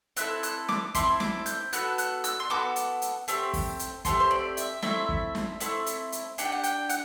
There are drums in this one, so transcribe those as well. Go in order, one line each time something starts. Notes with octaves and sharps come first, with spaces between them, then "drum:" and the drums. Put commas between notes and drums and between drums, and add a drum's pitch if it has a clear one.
C4 E4 A4 F#6, drum: hi-hat
F#6, drum: hi-hat
D6, drum: snare
C4 E4 A4 C6, drum: kick, hi-hat
D6, drum: snare
G6, drum: hi-hat
B3 F#4 A4 F#6, drum: hi-hat
F#6, drum: hi-hat
E6, drum: hi-hat
C6
B3 F#4 A4 D6
drum: hi-hat
drum: hi-hat
A3 C4 G4, drum: hi-hat
drum: kick, open hi-hat
drum: hi-hat
A3 C4 G4 C6, drum: kick, hi-hat
C5
D5
E5, drum: hi-hat
A3 C4 E4 E5, drum: snare
drum: kick
drum: snare
A3 C4 E4, drum: hi-hat
drum: hi-hat
drum: hi-hat
D4 G4 F#5, drum: hi-hat
G5
F#5
G5, drum: hi-hat
F#5, drum: hi-hat